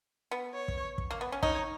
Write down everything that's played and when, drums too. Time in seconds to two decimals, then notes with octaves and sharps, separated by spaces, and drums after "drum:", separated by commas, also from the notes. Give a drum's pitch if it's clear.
0.31 B3
0.54 C#5
0.68 drum: kick
0.98 drum: kick
1.11 A#3
1.21 B3
1.32 C#4
1.43 D#4 C#5, drum: kick